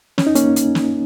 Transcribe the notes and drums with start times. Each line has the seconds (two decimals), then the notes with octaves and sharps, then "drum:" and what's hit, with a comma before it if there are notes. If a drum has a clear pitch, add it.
0.18 C#4, drum: snare
0.27 D#4
0.35 A#3 C#4, drum: hi-hat
0.56 drum: hi-hat
0.75 drum: snare